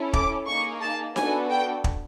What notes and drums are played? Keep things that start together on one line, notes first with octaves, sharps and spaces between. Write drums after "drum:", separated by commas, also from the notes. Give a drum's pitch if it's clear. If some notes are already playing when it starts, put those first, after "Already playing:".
Already playing: C#4 E4 A4
D6, drum: kick
A#3 D#4 G#4 C#6
A5
B3 D4 F#4 A4 G#5, drum: snare D#4
G5
drum: kick